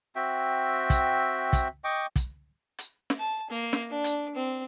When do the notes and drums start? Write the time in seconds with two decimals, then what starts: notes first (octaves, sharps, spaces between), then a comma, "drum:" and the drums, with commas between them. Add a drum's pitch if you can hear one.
0.16 C4 F#4 E5 G5
0.90 drum: kick, hi-hat
1.53 drum: kick, hi-hat
1.84 D#5 G5 C#6 D6
2.16 drum: kick, hi-hat
2.78 drum: hi-hat
3.10 drum: snare
3.19 A5
3.50 A#3
3.73 drum: snare
3.90 D4
4.04 drum: hi-hat
4.35 C4